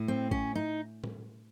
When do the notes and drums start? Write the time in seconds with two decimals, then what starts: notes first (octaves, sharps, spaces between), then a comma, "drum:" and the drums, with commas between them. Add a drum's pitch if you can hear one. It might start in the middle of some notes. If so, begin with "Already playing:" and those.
Already playing: A2
0.08 C4
0.31 C#4, drum: kick
0.55 D#4
1.04 drum: tom A2